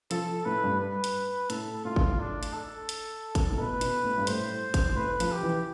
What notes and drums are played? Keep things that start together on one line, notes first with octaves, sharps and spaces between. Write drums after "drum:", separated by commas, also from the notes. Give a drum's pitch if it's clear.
F3 A4, drum: hi-hat
A2 B4
G2
B4
drum: hi-hat
A2 A4, drum: hi-hat
A2 F4
drum: kick
D4
drum: hi-hat
A4
drum: hi-hat
drum: kick, hi-hat
A2
B2 B4
B2, drum: hi-hat
A2
G2
A2 C5, drum: hi-hat
drum: kick, hi-hat
A2 B4
F3, drum: hi-hat
G4
E3